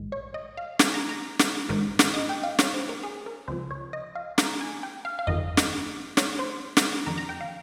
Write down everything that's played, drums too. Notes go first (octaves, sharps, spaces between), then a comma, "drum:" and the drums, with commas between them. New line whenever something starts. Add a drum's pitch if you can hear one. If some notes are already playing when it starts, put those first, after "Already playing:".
Already playing: A#1 G#2 D#3
C#5
D#5
F5
G#5, drum: snare
A#5
A#5
drum: snare
G#1 G#2 D#3
drum: snare
D#5
G5
F5
C#5, drum: snare
C5
A#4
G#4
A#4
C#2 C3 F3 C5
C#5
D#5
F5
A#5, drum: snare
G#5
G5
F5
F5
G1 F2 D#3 D#5
drum: snare
C#5, drum: snare
C5
drum: snare
F2 D#3 A#5
A#5
G5
F5